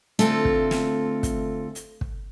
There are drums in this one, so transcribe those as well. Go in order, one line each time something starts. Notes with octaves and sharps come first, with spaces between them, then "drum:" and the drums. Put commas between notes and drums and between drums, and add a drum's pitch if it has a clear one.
D2 A3 C4 F4 A4 E5, drum: hi-hat
drum: kick
drum: snare
drum: kick, hi-hat
drum: hi-hat
drum: kick